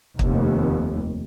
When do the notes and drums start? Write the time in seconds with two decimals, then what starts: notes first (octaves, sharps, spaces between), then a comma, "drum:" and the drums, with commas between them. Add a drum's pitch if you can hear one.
0.19 F1 D#2, drum: kick